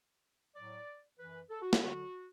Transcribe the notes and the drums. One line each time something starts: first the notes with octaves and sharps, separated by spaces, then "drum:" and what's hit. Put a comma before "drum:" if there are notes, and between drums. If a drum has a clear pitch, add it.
A2 F#3 D5
F#2 E3 B4
A4
F#4
E4, drum: snare
E2 D3 F#3 F#4